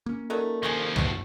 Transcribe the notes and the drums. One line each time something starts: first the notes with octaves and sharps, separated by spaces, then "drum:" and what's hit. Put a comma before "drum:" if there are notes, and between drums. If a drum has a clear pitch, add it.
A#3 C#4
F#3 A3 D#4 A4 A#4 D5
D#2 F3 G#4 D#5 C#6
F#2 A3 B3, drum: tom C2